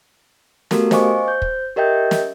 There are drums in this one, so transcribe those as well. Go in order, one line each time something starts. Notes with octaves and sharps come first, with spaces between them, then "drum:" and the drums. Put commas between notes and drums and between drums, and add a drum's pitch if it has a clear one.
A3 B3 F#4 G4 A4 A#4, drum: snare
C5 D#5 F5 G#5 C#6 D6, drum: snare
C5 G6
drum: kick
G4 A#4 D#5 E5 G5 G6
drum: snare